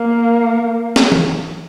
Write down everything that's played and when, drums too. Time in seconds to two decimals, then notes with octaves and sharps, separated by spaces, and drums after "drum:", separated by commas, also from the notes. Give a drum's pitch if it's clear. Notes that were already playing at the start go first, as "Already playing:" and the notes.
Already playing: A#3
0.96 drum: snare
1.12 drum: tom E3